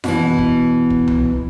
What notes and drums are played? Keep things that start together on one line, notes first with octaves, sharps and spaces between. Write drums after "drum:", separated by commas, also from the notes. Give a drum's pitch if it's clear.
B2 E3, drum: snare F4
drum: kick
drum: kick
drum: tom C2